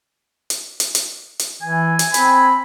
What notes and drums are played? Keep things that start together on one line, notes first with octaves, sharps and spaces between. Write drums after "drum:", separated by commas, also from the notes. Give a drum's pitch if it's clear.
drum: hi-hat
drum: hi-hat
drum: hi-hat
drum: hi-hat
E3 G#5
drum: hi-hat
C4 B5, drum: hi-hat